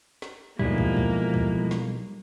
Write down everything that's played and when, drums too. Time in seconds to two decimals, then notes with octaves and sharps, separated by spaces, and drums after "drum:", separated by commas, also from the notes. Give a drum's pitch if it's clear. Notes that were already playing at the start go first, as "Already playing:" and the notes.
0.22 drum: snare
0.59 B1 F3 G3 G#3 A#3 E4, drum: kick
0.78 drum: kick
0.97 drum: kick
1.34 drum: kick
1.71 drum: snare